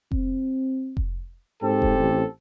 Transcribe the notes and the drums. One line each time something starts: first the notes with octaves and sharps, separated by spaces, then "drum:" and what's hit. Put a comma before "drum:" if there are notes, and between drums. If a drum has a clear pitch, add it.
C4, drum: kick F1
drum: kick F1
G#2 C4 G4 A4
drum: kick F1
A1